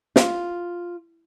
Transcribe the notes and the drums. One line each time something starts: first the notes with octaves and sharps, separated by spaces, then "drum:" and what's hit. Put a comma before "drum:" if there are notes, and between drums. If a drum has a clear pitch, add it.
F4, drum: snare